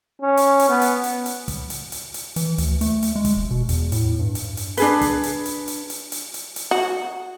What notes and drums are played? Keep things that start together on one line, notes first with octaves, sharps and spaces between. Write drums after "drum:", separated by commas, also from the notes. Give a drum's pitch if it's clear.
C#4
drum: hi-hat
drum: hi-hat
B3
drum: hi-hat
drum: hi-hat
drum: hi-hat
drum: kick, hi-hat
drum: hi-hat
drum: hi-hat
drum: hi-hat
E3, drum: hi-hat
D2, drum: hi-hat
A3, drum: hi-hat
drum: hi-hat
G#3
drum: kick, hi-hat
E1
B2
E2, drum: hi-hat
A2, drum: hi-hat
G2
drum: hi-hat
drum: hi-hat
D4 G#4 B4, drum: hi-hat
drum: kick, hi-hat
drum: hi-hat
drum: hi-hat
drum: hi-hat
drum: hi-hat
drum: hi-hat
drum: hi-hat
drum: hi-hat
F#4